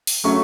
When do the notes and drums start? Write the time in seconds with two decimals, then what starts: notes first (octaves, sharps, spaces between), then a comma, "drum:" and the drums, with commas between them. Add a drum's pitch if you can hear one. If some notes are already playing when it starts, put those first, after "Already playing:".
0.07 drum: open hi-hat
0.24 C#3 F#3 A3 C#4 C#6